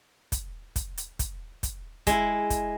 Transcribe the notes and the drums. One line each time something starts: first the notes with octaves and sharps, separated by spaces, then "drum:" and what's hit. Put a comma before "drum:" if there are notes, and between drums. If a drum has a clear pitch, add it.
drum: kick, hi-hat
drum: kick, hi-hat
drum: hi-hat
drum: kick, hi-hat
drum: kick, hi-hat
G#3 E4, drum: kick, hi-hat
drum: kick, hi-hat